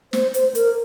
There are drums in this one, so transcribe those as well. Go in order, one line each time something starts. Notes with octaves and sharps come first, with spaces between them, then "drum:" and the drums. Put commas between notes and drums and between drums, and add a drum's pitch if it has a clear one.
C5, drum: snare
C5, drum: hi-hat
A#4, drum: hi-hat